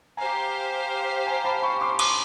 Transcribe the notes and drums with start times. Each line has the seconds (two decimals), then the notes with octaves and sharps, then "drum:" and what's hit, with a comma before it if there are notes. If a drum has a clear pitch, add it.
0.17 G4 C5 F5 G#5 A#5
1.26 G#5 A#5
1.44 A5 B5
1.63 B5 C#6
1.81 C6 D6
1.99 C6 D6, drum: cymbal